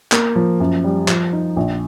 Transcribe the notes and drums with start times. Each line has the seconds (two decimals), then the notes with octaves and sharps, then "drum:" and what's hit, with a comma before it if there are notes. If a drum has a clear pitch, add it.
0.12 A#3, drum: clap
0.36 F3
0.60 F#2
0.84 G3
1.08 F3, drum: clap
1.33 D#4
1.56 A#1